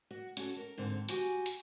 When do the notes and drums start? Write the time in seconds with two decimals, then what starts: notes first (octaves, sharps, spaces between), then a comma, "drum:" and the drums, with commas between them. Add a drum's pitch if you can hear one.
0.11 F#4
0.37 C#4 F#4 A4, drum: hi-hat
0.57 A#4
0.78 G#2 D3 C4
1.09 F#4 G4 G#5, drum: hi-hat
1.46 drum: hi-hat